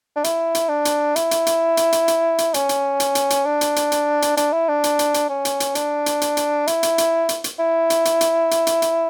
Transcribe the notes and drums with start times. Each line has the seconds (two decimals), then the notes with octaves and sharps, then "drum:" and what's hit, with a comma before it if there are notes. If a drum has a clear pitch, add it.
0.16 D4
0.24 E4, drum: hi-hat
0.55 drum: hi-hat
0.69 D4
0.85 drum: hi-hat
1.16 E4, drum: hi-hat
1.31 drum: hi-hat
1.46 drum: hi-hat
1.77 drum: hi-hat
1.92 drum: hi-hat
2.08 drum: hi-hat
2.38 drum: hi-hat
2.54 C#4, drum: hi-hat
2.69 drum: hi-hat
3.00 drum: hi-hat
3.15 drum: hi-hat
3.30 drum: hi-hat
3.45 D4
3.61 drum: hi-hat
3.76 drum: hi-hat
3.92 drum: hi-hat
4.22 drum: hi-hat
4.37 D4, drum: hi-hat
4.53 E4
4.69 D4
4.84 drum: hi-hat
4.99 drum: hi-hat
5.14 drum: hi-hat
5.29 C#4
5.45 drum: hi-hat
5.60 drum: hi-hat
5.75 D4, drum: hi-hat
6.06 drum: hi-hat
6.21 drum: hi-hat
6.37 drum: hi-hat
6.67 E4, drum: hi-hat
6.83 drum: hi-hat
6.98 drum: hi-hat
7.29 drum: hi-hat
7.44 drum: hi-hat
7.59 E4
7.90 drum: hi-hat
8.05 drum: hi-hat
8.21 drum: hi-hat
8.51 drum: hi-hat
8.67 drum: hi-hat
8.82 drum: hi-hat